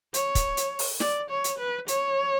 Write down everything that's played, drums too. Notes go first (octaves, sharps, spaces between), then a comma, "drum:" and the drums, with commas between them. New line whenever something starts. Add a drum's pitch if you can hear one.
C#5, drum: hi-hat
drum: kick, hi-hat
drum: hi-hat
drum: open hi-hat
D5, drum: snare
C#5
drum: hi-hat
B4
C#5, drum: hi-hat